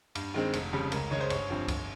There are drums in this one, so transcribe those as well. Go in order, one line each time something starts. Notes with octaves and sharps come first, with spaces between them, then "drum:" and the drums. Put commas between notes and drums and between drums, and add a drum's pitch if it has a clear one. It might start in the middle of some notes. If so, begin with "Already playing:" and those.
G2, drum: cymbal
D#3 G#3 C4
F1, drum: cymbal
F2 C#3 G3
C#2 A#4, drum: cymbal
C#3 G#3 C#4 C#5
C5
G1 C#5, drum: cymbal
G2 F3 C4
G1, drum: kick C#2, cymbal